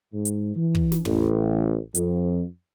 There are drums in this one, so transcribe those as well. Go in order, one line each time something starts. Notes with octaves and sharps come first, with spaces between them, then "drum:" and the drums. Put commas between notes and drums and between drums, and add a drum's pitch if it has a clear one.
G#2
drum: hi-hat
E3
drum: kick
drum: snare
A1, drum: tom
F2, drum: hi-hat